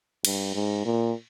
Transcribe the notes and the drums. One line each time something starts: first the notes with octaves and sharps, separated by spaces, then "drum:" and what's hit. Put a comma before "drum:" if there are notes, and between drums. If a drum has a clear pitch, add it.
G2, drum: cymbal
G#2
A#2